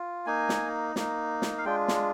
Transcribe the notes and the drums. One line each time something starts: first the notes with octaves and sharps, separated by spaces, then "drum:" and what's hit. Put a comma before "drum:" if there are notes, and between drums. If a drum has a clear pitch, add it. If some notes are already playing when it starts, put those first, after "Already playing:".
Already playing: F4
A#3 D#4 G#5
drum: snare
A#3 D#4, drum: snare
drum: snare
F5
G#3 D4 F4 G5
drum: snare